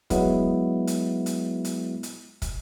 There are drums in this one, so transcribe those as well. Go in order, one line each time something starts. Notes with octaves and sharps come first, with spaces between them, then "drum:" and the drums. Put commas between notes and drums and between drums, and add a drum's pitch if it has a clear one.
F#3 G#3 B3 E4, drum: kick, hi-hat
drum: hi-hat
drum: hi-hat
drum: hi-hat
drum: hi-hat
drum: kick, hi-hat